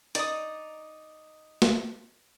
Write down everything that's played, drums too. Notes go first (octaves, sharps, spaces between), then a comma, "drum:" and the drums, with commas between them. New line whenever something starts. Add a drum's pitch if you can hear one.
D#4 D5 D#6, drum: hi-hat
drum: snare